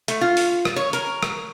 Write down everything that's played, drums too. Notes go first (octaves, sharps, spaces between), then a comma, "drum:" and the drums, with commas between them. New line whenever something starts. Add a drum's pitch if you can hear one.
A3, drum: hi-hat
F4
drum: open hi-hat
drum: rim click
C#5
A#4, drum: hi-hat
drum: rim click